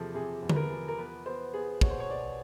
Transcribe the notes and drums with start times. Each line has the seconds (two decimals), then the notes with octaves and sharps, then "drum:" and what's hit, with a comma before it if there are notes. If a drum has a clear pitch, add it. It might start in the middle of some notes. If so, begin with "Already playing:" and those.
Already playing: E2 C3 F3 G#4 A4
0.14 C3 G#4
0.43 E2
0.49 B4, drum: tom D3
0.56 A#4
0.71 F3
0.88 A#4
0.98 B3 B4
1.26 B3 C5
1.54 B3 G#4
1.81 B2 C#5, drum: kick
1.90 C5
2.00 C#5
2.10 B2 D5